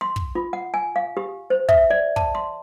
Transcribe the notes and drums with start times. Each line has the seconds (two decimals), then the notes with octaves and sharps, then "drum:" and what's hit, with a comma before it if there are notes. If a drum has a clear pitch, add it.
0.01 C6
0.16 drum: kick
0.35 F4
0.53 F#5
0.74 G#5
0.96 F5
1.17 G4
1.50 C5
1.69 E5, drum: kick
1.90 D5
2.16 A5, drum: kick
2.35 C6